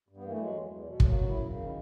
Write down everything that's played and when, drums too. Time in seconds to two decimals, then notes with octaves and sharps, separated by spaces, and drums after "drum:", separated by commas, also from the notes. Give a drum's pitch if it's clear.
0.09 G2
0.17 B3
0.24 E3 A#3
0.31 A3
0.39 F#3 G#3
0.54 E2
0.69 E2
0.84 B2
1.00 F#3 A3, drum: kick
1.10 A#3
1.14 F#2 B3
1.29 F#2 E4
1.45 C#3
1.60 D#3